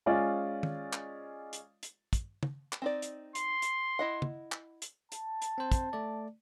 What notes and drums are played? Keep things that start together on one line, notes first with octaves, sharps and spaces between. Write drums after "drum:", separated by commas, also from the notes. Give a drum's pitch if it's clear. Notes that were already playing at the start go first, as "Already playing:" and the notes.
G#3 C#4 F4 D5
drum: tom
drum: clap
drum: hi-hat
drum: hi-hat
drum: kick, hi-hat
drum: tom
drum: clap
C4 D#4 D5
drum: hi-hat
C6, drum: hi-hat
drum: hi-hat
E4 D#5 F#5
drum: tom
drum: clap
drum: hi-hat
A5, drum: hi-hat
drum: hi-hat
C4 C5
drum: kick, hi-hat
A3 D5